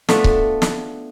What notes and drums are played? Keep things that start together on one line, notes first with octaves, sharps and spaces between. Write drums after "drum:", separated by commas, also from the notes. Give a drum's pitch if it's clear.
A3 B3 D4 F4, drum: snare
drum: kick C#1
drum: snare